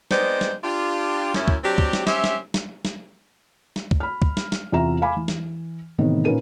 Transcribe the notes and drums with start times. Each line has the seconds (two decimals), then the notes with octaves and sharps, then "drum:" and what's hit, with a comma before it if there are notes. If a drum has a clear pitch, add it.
0.11 G#3 B3 C4 D#4 C5 D5, drum: snare
0.41 drum: snare
0.64 D4 F4 G4
1.34 F#2 C#4 E4, drum: snare
1.48 drum: kick
1.64 F#3 C4 D4 G4
1.78 drum: kick
1.93 drum: snare
2.07 C#4 G4 C5 E5, drum: snare
2.24 drum: snare
2.54 drum: snare
2.85 drum: snare
3.76 drum: snare
3.91 drum: kick
4.00 B5 F6
4.22 drum: kick
4.37 drum: snare
4.52 drum: snare
4.72 E2 C3 F4 E5 A#5 E7
5.02 F5 G#5 B5 D6
5.16 E3
5.28 drum: snare
5.98 A2 C3 D#3 E3 B3
6.25 A#2 C#4 D#4 A#4 B4 D#7